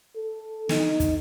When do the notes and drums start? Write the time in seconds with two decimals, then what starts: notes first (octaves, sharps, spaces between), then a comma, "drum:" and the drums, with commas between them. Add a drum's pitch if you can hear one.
0.16 A4
0.69 D#4, drum: snare
1.00 drum: kick, hi-hat